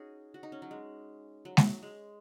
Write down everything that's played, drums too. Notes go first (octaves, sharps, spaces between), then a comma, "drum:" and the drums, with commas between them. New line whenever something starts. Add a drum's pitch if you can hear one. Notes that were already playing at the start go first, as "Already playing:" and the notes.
Already playing: C#4 D#4 F#4 G#4
F#4
D#4
C#4
F#3
G#3
F#3
F#3, drum: snare G#3
G#3